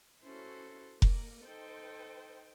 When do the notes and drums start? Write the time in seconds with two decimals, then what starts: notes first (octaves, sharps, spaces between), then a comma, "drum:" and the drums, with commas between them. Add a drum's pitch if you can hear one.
0.23 C#4 E4 F#4 A4 C5
1.02 A#3 A#4, drum: kick F1
1.46 D#4 A4 C5 G5